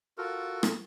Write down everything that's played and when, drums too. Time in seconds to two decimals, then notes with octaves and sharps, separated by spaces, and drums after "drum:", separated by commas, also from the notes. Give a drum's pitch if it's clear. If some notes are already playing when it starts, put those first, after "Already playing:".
0.18 F4 F#4 A4 A#4
0.63 drum: rim click